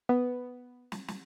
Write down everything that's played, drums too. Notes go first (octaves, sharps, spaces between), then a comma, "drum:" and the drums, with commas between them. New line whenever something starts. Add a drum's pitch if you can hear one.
B3
drum: snare
drum: snare